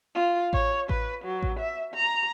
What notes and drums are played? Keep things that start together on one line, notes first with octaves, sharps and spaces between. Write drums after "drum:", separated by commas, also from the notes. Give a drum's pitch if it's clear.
F4
C#5, drum: kick A1
B4, drum: kick A1
F#3
drum: kick A1
E5
A#5